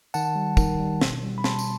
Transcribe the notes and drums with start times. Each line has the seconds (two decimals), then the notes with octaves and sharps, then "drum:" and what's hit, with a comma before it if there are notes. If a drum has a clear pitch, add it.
0.14 D#3 F#5 A5, drum: tambourine
0.36 G3
0.57 D#3, drum: kick, tambourine
0.80 G3
1.01 B2, drum: snare
1.23 G3
1.38 B5
1.44 B2 A5 C6, drum: snare
1.59 drum: tambourine